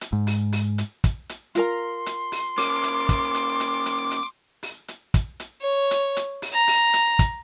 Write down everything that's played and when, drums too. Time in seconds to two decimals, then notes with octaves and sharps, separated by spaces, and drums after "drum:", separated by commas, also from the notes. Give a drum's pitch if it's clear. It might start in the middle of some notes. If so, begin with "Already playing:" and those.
0.01 drum: hi-hat
0.13 G#2
0.27 drum: open hi-hat
0.53 drum: open hi-hat
0.78 drum: hi-hat
1.04 drum: kick, hi-hat
1.29 drum: hi-hat
1.55 F4 A#4 A#5 C6, drum: hi-hat
2.06 drum: hi-hat
2.32 drum: open hi-hat
2.58 A#3 C#4 D6, drum: open hi-hat
2.83 drum: hi-hat
3.09 drum: kick, hi-hat
3.35 drum: hi-hat
3.60 drum: hi-hat
3.86 drum: hi-hat
4.11 drum: hi-hat
4.63 drum: open hi-hat
4.88 drum: hi-hat
5.14 drum: kick, hi-hat
5.40 drum: hi-hat
5.62 C#5
5.91 drum: hi-hat
6.17 drum: hi-hat
6.42 drum: open hi-hat
6.53 A#5
6.68 drum: open hi-hat
6.93 drum: hi-hat
7.19 drum: kick, hi-hat